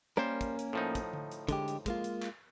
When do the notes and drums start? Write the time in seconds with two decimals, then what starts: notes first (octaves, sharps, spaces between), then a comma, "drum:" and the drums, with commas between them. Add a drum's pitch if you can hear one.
0.17 G3 A#3 C#4 A#4 C5
0.41 drum: kick, hi-hat
0.59 drum: hi-hat
0.73 A2 F3 D#4
0.95 drum: kick, hi-hat
1.13 drum: tom D3
1.32 drum: hi-hat
1.49 D3 G#3 G4, drum: kick, hi-hat
1.68 drum: hi-hat
1.86 G#3 A#3 F4, drum: kick, hi-hat
2.04 drum: hi-hat
2.22 drum: clap